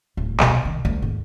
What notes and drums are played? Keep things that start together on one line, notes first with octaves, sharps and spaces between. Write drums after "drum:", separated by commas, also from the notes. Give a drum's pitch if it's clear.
D1
B2 B3, drum: clap
D#3
D2
D#2 G#2